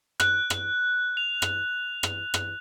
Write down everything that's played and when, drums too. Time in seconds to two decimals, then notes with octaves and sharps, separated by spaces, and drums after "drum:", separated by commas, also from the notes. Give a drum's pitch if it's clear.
0.20 F#6, drum: rim click
0.50 drum: rim click
1.17 F7
1.42 drum: rim click
2.03 drum: rim click
2.34 drum: rim click